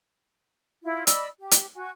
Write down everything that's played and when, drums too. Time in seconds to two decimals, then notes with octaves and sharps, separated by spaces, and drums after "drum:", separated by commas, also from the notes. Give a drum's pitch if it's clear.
0.83 E4 F4
1.07 D5 D#5 B5 E6, drum: hi-hat
1.40 G4
1.51 drum: hi-hat
1.75 F#4 G#5